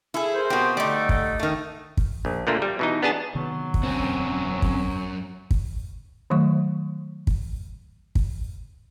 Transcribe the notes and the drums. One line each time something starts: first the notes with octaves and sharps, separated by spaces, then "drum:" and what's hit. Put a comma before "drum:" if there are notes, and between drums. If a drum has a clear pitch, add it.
E4 G#4 A4
A#4 C5
B2 C4 G4
D3 G3 A3 D#4 D5
drum: kick
D#3 A3
drum: kick
A#1
A#2 D3 A3 A#3
G3
B2 E3 D#4
B3 D4 G#4 A5
C3 D#3 F#3 B3
drum: kick
E1 F#2 D3 C4 C#4
drum: kick
drum: kick
D#3 F#3 A3 C#6
drum: kick
drum: kick